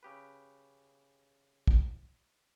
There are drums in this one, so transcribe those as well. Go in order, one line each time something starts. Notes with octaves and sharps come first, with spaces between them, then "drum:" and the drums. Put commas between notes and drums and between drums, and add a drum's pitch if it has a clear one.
C#3 G4 B4
drum: kick